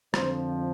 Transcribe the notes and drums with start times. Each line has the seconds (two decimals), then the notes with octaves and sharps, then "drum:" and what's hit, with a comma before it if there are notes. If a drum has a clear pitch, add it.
0.14 F2 D3 F3 C5, drum: rim click